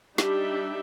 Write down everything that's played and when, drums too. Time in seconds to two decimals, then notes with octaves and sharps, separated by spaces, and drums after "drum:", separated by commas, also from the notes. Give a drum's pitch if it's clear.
0.18 G3 D4 D#4 G4 E5, drum: snare